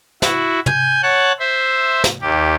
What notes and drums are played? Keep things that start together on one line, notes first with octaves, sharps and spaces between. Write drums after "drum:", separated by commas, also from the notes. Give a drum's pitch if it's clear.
E4 F#4, drum: snare
G#5 G6, drum: tom
C#5 F#5 A5 F#6
C5 E5
drum: snare
D#2 G4